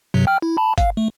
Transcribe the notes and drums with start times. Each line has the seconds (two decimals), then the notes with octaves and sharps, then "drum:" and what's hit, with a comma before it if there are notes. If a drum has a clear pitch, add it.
0.14 G2 C3 F#3
0.27 G5 F6
0.42 E4
0.57 A5 B5
0.78 F5, drum: kick G1, hi-hat
0.97 A3